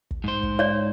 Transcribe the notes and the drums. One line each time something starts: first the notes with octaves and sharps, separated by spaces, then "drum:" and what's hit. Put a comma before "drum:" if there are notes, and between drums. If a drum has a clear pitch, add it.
drum: kick
G#2 C5
drum: kick
C#5 D5